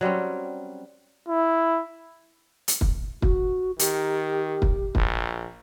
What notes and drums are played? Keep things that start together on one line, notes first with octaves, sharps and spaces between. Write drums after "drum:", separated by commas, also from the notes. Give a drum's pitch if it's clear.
F#3 G3 C4 C#4
E4
drum: hi-hat
drum: kick
F#4, drum: kick
D#3 G4, drum: hi-hat
drum: kick
A#1, drum: kick